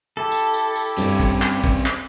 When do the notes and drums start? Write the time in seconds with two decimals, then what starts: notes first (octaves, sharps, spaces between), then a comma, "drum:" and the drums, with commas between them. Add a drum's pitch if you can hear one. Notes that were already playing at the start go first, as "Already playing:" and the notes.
0.17 E4 G4 A4
0.32 drum: tambourine
0.54 drum: tambourine
0.76 drum: tambourine
0.98 G2 C4 C#4, drum: tambourine
1.20 drum: kick
1.42 drum: clap
1.64 drum: kick
1.86 drum: clap